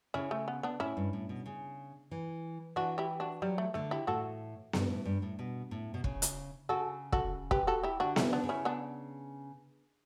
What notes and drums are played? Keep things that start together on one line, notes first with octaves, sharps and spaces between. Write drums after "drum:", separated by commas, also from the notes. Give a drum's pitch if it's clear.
C#3 C#4 E4
A3
B3
B3 D4
A2 C#4 E4
G2
A2
B2
C#3
E3
E3 D4 F#4
E4 G4
D4 F#4
F#3 G3
A3
D3 A3
E4 G4
A2 F#4 A4
G2, drum: snare B3
A2
G2
A2
B2
A2
B2
C#3, drum: kick
drum: hi-hat
C#3 F#4 A4
F#4 A4, drum: kick
G4 B4, drum: kick
F#4 A4
E4 G4
D3 D4 F#4
C#4 E4, drum: snare B3
D3
B3 D4
C#3
C#4 E4
B3 D4